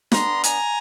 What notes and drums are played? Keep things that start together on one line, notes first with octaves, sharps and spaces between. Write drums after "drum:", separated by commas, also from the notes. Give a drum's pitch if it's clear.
G3 B3 D4 A#5 C6, drum: snare
G#5 A#5, drum: hi-hat